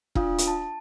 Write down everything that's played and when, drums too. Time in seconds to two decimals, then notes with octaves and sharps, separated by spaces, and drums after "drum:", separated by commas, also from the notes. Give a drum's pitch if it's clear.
0.15 D4 F4 F5 D#6, drum: kick E1
0.38 drum: hi-hat
0.48 A5